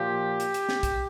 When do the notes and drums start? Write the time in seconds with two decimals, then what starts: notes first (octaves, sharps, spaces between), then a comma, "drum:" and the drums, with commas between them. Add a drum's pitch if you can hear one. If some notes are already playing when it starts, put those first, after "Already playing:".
Already playing: A#2 F3 G4
0.40 drum: hi-hat
0.54 drum: hi-hat
0.69 drum: snare
0.83 drum: kick, hi-hat